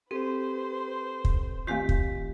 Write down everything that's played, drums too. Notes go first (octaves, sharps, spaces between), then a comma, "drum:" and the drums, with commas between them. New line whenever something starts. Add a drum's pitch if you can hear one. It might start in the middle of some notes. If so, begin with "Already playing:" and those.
C4 G4 A4 B4 C5
drum: kick
D#3 A3 C4 F4 G4 B6
drum: kick